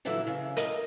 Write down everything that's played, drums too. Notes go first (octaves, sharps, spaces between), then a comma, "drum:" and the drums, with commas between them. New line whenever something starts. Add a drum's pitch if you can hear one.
A#2 D3 E3 F#3 E4
C#3
A#4 D#5, drum: hi-hat